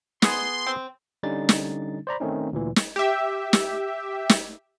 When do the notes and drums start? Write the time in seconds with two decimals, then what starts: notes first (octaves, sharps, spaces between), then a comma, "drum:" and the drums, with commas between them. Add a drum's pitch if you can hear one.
0.22 B3 G#4 C6, drum: snare
0.67 C4
1.23 D3 G3 C#4 D#4 A6
1.49 drum: snare
2.07 C5 D5 A#5 B5
2.20 D#3 A3 C4 C#4 D#4
2.53 D2 A#2 E3
2.76 drum: snare
2.96 G4 E5
3.53 drum: snare
4.29 drum: snare